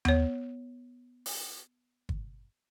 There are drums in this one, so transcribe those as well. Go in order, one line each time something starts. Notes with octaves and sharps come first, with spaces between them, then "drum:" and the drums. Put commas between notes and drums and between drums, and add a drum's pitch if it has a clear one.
B3 C#5, drum: tom D#2
drum: open hi-hat
drum: kick